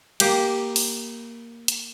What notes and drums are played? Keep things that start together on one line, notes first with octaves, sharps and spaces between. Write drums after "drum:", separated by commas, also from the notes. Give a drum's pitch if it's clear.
A#3 G4 G5, drum: cymbal
drum: open hi-hat
drum: hi-hat